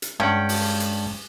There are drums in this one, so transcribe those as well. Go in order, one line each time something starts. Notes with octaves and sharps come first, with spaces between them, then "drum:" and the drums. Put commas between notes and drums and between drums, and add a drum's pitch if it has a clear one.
drum: hi-hat
G2 G#3 C#4 F#5 G5
drum: open hi-hat
drum: hi-hat